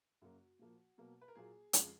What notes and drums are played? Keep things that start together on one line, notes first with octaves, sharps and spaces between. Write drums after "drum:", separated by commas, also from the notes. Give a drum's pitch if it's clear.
F#2 C#3 F#3 A#3 F#4
A#2 F3 A#3
B2 F#3 A#3
B4
A#4
A#2 F#3 A#3 G#4
F2 C#3 F3 G#3, drum: hi-hat